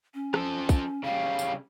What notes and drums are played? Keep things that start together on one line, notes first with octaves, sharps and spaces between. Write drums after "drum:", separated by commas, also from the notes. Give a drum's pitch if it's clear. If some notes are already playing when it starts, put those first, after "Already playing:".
C#4
F3 A4, drum: rim click
drum: kick, tambourine
C#3 G3 F5
drum: tambourine